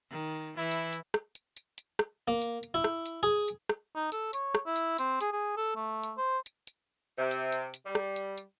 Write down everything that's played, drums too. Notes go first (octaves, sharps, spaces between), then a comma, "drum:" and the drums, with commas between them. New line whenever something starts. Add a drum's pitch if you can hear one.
D#3
E3 E4
drum: hi-hat
drum: hi-hat
drum: rim click
drum: hi-hat
drum: hi-hat
drum: hi-hat
drum: rim click
A#3
drum: hi-hat
drum: hi-hat
E4
drum: rim click
drum: hi-hat
G#4
drum: hi-hat
drum: rim click
D#4
A4, drum: hi-hat
C#5, drum: hi-hat
drum: rim click
E4
drum: hi-hat
C4, drum: hi-hat
G#4, drum: hi-hat
G#4
A4
A3
drum: hi-hat
C5
drum: hi-hat
drum: hi-hat
C3
drum: hi-hat
drum: hi-hat
drum: hi-hat
G3
drum: rim click
drum: hi-hat
drum: hi-hat